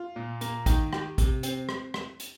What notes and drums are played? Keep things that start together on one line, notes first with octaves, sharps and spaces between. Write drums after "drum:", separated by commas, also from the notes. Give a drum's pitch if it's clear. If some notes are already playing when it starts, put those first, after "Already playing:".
Already playing: F4
A#2
A#3, drum: hi-hat
D#3, drum: kick, hi-hat
G4, drum: rim click
C3, drum: kick, hi-hat
C4, drum: hi-hat
drum: rim click
drum: rim click
drum: hi-hat